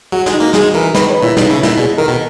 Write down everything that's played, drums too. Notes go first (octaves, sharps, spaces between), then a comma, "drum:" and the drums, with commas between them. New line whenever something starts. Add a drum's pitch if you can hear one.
F#3 F#4
G#3, drum: snare
D#4
A#3
G#3 G#4, drum: snare
E3 A#4
D#3 B4, drum: snare
C#5
A#2 E4
B2 D#4, drum: snare
C#3 E4
A#2 E4, drum: snare
B2 G#4
D#3 A#4
B2